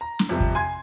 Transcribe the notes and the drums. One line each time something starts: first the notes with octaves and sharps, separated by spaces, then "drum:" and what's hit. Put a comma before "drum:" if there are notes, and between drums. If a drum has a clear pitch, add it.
A#5
drum: snare
F2 C3 G3
drum: kick
G#5 C6 G#6